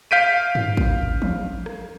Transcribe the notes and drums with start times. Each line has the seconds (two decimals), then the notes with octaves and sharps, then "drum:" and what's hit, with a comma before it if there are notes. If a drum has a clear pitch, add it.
0.11 F5 G6 B6 D7 D#7
0.55 drum: tom G2
0.77 drum: kick
1.22 drum: tom E3
1.66 drum: rim click